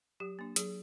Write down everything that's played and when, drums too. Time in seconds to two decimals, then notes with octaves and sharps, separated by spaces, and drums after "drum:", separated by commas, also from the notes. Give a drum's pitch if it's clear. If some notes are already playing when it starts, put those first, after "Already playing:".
0.20 F#3 G4
0.39 A#3 D4
0.56 F#3 G#4, drum: hi-hat